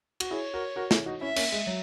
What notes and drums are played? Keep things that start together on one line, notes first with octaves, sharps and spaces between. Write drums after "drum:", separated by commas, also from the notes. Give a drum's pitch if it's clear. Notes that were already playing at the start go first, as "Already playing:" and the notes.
F#4, drum: cymbal
E4 G#4 C#5
F#4 A#4
F#4 A#4
E4 G#4, drum: snare
D#4 F#4
C#4 E4 E5
A#3 C#4, drum: cymbal
G#3
F#3